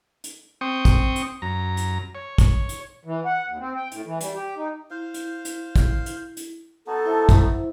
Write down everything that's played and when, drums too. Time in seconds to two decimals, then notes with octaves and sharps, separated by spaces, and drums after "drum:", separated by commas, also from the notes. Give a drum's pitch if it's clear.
0.24 drum: hi-hat
0.61 C4 G5 C#6 D#6
0.85 drum: kick, hi-hat
1.16 drum: hi-hat
1.42 F#2 A#5
1.77 drum: hi-hat
2.15 C#5
2.38 drum: kick, hi-hat
2.69 drum: hi-hat
3.05 E3
3.25 F#5
3.47 D#2
3.59 C4
3.76 G5
3.92 A2, drum: hi-hat
4.06 E3
4.20 G3, drum: hi-hat
4.34 G4
4.56 D#4
4.91 E4 C5 F5
5.14 drum: hi-hat
5.45 drum: hi-hat
5.76 drum: kick, hi-hat
6.06 drum: hi-hat
6.37 drum: hi-hat
6.87 B3 D#4 F#4 A4 F#5 A5
7.06 E4 C5 E5
7.29 drum: kick, hi-hat